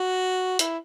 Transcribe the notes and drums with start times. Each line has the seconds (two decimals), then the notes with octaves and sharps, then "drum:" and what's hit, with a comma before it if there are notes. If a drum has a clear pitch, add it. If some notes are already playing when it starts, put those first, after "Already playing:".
Already playing: F#4
0.59 E4, drum: hi-hat